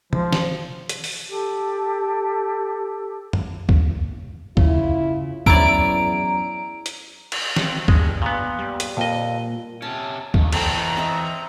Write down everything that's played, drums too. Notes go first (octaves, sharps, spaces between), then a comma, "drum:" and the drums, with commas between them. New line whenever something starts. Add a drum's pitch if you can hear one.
F3, drum: tom
drum: snare
drum: hi-hat
drum: open hi-hat
G4 A4
drum: tom
drum: kick C#2
C#3 E4 F4, drum: kick C#2
E2 F#3 C#4 E4 D5 A#5 D7, drum: kick C#2
drum: hi-hat
drum: cymbal
C4, drum: snare
G2 G#3, drum: kick C#2
A#2 B3
G3
drum: hi-hat
F2 A#2 D#5
C3 C#4 A5
D#3 F3, drum: kick C#2
E3 A4 C5 G5 A#5, drum: cymbal
C4 D#5 E5